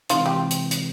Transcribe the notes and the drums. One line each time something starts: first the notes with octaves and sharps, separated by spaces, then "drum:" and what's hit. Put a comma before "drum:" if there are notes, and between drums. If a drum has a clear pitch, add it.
C3 E3 G#3 C4 F4, drum: hi-hat
G4
drum: hi-hat
drum: hi-hat